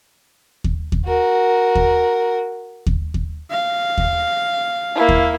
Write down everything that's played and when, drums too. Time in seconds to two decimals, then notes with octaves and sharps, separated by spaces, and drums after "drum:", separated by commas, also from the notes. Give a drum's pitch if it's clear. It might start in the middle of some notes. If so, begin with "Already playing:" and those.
0.64 drum: kick D#2
0.92 drum: kick D#2
1.06 F#4 A#4
1.75 drum: kick D#2
2.86 drum: kick D#2
3.14 drum: kick D#2
3.51 F5
3.98 drum: kick D#2
4.95 A#3 E4
5.09 drum: kick D#2